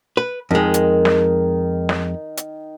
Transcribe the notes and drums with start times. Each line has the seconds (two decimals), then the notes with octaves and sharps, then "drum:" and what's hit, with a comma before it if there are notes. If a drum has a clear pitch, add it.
0.17 B4
0.51 F2 D#3 G#3
0.74 drum: hi-hat
1.05 drum: snare
1.89 drum: snare
2.37 drum: hi-hat